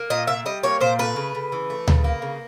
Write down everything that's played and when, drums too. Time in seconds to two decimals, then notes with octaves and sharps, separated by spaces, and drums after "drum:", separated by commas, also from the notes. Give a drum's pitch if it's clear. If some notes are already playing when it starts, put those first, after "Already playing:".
Already playing: A#3
0.10 A#2 D#5
0.27 A#2 E5
0.46 G3 D#5
0.63 A#3 C#5
0.81 A#2 C5
0.99 A3 B4
1.16 C#3
1.35 C#3
1.52 E3
1.70 A3
1.88 C#3, drum: tom D2
2.04 A#3
2.22 C#3